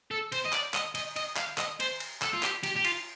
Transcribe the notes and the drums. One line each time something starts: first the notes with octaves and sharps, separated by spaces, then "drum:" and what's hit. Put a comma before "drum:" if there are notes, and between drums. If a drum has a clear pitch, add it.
A4
C5, drum: cymbal
D#5
D5, drum: clap
D#5, drum: clap
D#5, drum: cymbal
D#5, drum: cymbal
F5, drum: clap
D#5, drum: clap
C5, drum: cymbal
drum: cymbal
A4, drum: clap
F4
G4, drum: clap
G4, drum: cymbal
G4
F4, drum: cymbal